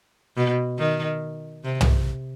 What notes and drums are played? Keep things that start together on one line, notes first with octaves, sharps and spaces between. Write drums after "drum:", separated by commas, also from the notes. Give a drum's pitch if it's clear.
B2
D#3
C3
drum: tom